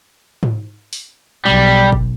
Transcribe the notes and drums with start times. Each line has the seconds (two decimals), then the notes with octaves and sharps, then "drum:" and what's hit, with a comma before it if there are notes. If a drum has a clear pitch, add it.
0.43 drum: tom G#2
0.93 drum: open hi-hat
1.46 B1 G3
1.92 drum: kick